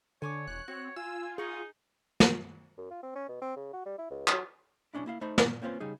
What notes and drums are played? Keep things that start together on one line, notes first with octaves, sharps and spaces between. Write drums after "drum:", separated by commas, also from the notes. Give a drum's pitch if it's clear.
D3 C#5 G#5 C#6 D6
E1 F#6
C4 F#4 C#5
F4 F5 G#5 E6
G#5
D#4 G#4 A#4 F#5 C#6
drum: snare
F#2
F4
C4
C#4
B2
C4
C#3
F#4
G3
E4
C#2
F#3, drum: clap
B1 E3 C#4 D4 E4
A#3 E4 F5
A3 D#4 C5 B5
A#2, drum: snare
A#3 C4 C#4 F4 B4 C5
C#3 G3 D#4 G#4